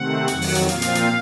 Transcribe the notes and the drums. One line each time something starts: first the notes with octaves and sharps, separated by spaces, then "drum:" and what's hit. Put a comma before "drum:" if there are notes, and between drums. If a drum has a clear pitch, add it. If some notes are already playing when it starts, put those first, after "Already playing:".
Already playing: C3 D#3 A3 C4 F#5
F2 D#3 F#3, drum: hi-hat
drum: open hi-hat
drum: hi-hat
A#2 F3 C4 F4 F5, drum: hi-hat
drum: hi-hat
drum: hi-hat